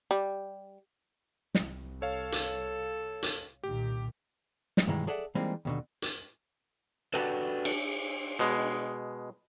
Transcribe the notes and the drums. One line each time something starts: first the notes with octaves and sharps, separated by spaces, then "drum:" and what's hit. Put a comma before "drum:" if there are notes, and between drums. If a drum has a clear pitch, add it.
G3
C2, drum: snare
A4 C#5 F5
drum: hi-hat
drum: hi-hat
C2 A#2 D#3 G4
drum: snare
G2 B2 D#3 E3 G#3
G#4 A4 D5 E5 F#5
E3 G3 G#3 A#3 C4 D#4
D#2 B2 D3
drum: hi-hat
D4 F#4 G4 A4 B4
drum: cymbal
B2 G#3